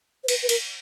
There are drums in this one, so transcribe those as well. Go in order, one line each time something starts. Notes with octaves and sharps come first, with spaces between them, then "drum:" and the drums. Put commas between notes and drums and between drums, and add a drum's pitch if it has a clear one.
C5
B4, drum: cymbal
B4
A#4, drum: cymbal